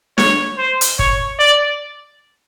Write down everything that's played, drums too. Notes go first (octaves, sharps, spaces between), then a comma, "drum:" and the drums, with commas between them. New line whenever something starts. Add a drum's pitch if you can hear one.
C#5, drum: snare
C5
drum: hi-hat
C#5, drum: kick
D5